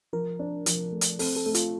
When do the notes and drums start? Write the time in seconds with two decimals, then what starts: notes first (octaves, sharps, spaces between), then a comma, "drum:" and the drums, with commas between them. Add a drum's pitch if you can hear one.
0.13 F3 A#4
0.39 D4
0.66 F3, drum: hi-hat
0.92 A3
1.01 drum: hi-hat
1.19 C4 A4, drum: open hi-hat
1.36 A4
1.46 A3
1.55 F4, drum: hi-hat